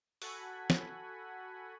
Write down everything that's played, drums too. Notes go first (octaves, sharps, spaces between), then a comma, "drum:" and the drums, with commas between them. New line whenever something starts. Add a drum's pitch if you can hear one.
F#4 A4 F#5 G#5 B5, drum: open hi-hat
drum: snare